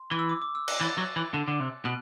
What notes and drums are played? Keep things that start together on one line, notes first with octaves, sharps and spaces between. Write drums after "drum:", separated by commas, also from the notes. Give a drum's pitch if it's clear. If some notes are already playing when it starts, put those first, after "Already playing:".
Already playing: C6
E3
E6
D6
D6
E6
F#6, drum: cymbal
E3 A6
F#3
E3
D3
D3
C3
B2 F#6